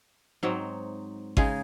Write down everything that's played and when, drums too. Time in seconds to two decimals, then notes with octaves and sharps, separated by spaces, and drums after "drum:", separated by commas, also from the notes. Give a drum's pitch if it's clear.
0.43 G#2 F#3 C4 D#4
1.37 C#3 G#3 D#4 G#4, drum: kick G#1